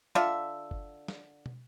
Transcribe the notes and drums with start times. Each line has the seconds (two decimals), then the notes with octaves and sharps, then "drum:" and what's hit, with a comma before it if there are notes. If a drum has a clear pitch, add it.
0.15 D3 F4 E5, drum: snare
0.71 drum: kick G1
1.08 drum: snare
1.46 drum: tom